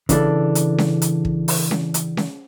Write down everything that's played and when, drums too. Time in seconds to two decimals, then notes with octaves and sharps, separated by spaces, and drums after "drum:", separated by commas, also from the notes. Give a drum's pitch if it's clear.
0.09 C#3 E3 D4 A4, drum: kick, hi-hat
0.55 drum: hi-hat
0.78 drum: snare C#4
1.02 drum: hi-hat
1.25 drum: kick
1.48 drum: open hi-hat
1.71 drum: snare C#4
1.94 drum: hi-hat
2.17 drum: snare C#4